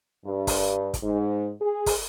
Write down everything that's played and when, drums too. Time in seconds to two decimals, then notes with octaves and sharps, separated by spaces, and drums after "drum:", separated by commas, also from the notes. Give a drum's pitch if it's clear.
0.24 G2
0.47 drum: kick, open hi-hat
0.94 drum: kick, hi-hat
1.03 G#2
1.61 G#4
1.86 drum: kick, open hi-hat